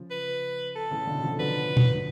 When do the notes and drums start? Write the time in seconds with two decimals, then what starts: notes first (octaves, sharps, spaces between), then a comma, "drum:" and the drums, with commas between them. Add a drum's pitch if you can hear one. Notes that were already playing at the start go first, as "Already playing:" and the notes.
Already playing: C#3 F3
0.11 B4
0.76 A4
0.91 A2 C#3
1.07 B2 D3
1.23 C#3 F3
1.39 D3 F#3 B4
1.77 drum: tom B2